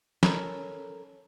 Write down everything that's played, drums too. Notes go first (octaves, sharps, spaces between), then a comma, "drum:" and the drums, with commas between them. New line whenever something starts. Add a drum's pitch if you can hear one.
C#4 A4 A#4 C#5 B5, drum: snare